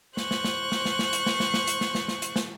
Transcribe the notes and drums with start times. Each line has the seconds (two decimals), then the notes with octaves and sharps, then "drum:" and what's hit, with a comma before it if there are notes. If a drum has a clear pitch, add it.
0.17 C5 C#6 F#6, drum: snare
0.31 drum: snare
0.44 drum: snare
0.72 drum: snare
0.85 drum: snare
0.99 drum: snare
1.13 drum: hi-hat
1.26 drum: snare
1.40 drum: snare
1.54 drum: snare
1.67 drum: hi-hat
1.81 drum: snare
1.95 drum: snare
2.08 drum: snare
2.22 drum: hi-hat
2.36 drum: snare